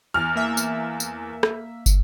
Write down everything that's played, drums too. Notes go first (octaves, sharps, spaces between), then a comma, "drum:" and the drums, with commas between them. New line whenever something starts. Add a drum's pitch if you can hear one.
E2 F6
A#3 E5
drum: tambourine
drum: tambourine
drum: rim click
drum: kick, tambourine